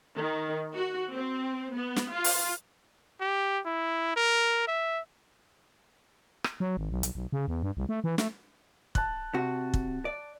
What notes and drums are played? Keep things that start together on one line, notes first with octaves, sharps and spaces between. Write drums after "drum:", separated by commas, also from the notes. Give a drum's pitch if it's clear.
D#3
F#4
C4
B3
drum: snare
F4
drum: open hi-hat
G4
E4
A#4
E5
drum: rim click
F#3
G#1
B1
B1, drum: hi-hat
B1
C#3
E2
G2
C2
A3
E3
A3, drum: snare
A5 F#6, drum: kick
C3 F#4
drum: kick
D5